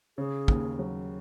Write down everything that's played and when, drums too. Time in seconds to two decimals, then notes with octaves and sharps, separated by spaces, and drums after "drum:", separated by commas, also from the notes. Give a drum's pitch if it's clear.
0.18 C#3 G#4
0.48 D#2, drum: kick
0.79 F#3